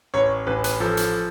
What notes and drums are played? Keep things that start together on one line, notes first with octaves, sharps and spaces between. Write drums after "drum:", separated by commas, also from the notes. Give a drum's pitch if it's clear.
A1 C#5
A1 B4
B4, drum: hi-hat
F3 A4
drum: hi-hat